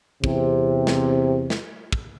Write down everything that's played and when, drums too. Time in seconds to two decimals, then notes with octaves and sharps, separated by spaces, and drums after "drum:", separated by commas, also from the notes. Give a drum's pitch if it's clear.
0.24 E2 C3, drum: kick
0.87 drum: snare
1.50 drum: snare
1.92 drum: kick